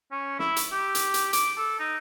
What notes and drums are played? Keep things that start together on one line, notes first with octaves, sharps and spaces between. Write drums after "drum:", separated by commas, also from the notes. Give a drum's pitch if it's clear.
C#4
E4, drum: snare
drum: hi-hat
G4
drum: hi-hat
drum: hi-hat
D6, drum: hi-hat
A4
D#4